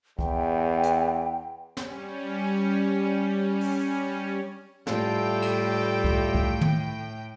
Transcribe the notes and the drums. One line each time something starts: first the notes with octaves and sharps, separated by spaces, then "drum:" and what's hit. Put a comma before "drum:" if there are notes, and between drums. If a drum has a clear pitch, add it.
E2 G5, drum: kick C2
drum: hi-hat
G3 C#4, drum: snare
drum: open hi-hat
A2 G3 F4 A4 G5, drum: snare
drum: cymbal
drum: kick C2
drum: kick C2
drum: tom